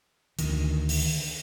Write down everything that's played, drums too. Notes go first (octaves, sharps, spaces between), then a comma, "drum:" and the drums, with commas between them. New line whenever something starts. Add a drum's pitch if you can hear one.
D2 D#3, drum: hi-hat
drum: open hi-hat